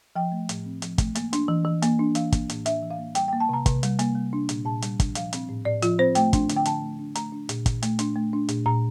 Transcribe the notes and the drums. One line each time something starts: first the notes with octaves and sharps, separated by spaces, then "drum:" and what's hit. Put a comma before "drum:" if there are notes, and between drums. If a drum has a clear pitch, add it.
F3 G5
A3
A2, drum: hi-hat
C4
F3, drum: hi-hat
A3, drum: kick, hi-hat
A#3, drum: hi-hat
D4, drum: hi-hat
E3
E3
A#3, drum: hi-hat
D4
E3 F5, drum: hi-hat
A#3, drum: kick, hi-hat
A2, drum: hi-hat
D4 E5, drum: hi-hat
E3
F5
A#3
G3 G5, drum: hi-hat
A#3 G5
A5
C3 A#5
C3, drum: kick, hi-hat
G3, drum: hi-hat
A#3, drum: hi-hat
G3
D4
A#2, drum: hi-hat
A#2 A5
G3, drum: hi-hat
D4, drum: kick, hi-hat
F3 F5, drum: hi-hat
C4, drum: hi-hat
A2
A2 D5
F3 F4, drum: hi-hat
C4 C5
A3 G5, drum: hi-hat
D4, drum: kick, hi-hat
D3, drum: hi-hat
G5
D3 A5, drum: hi-hat
A3
D4
A3 A#5, drum: hi-hat
D4
A#2, drum: hi-hat
A#2, drum: kick, hi-hat
A3, drum: hi-hat
D4, drum: hi-hat
A3
D4
A#2, drum: hi-hat
A#2 A#5